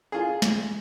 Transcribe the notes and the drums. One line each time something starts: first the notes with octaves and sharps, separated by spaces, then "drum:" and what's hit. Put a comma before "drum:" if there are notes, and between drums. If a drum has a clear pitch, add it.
F4 G#4
drum: snare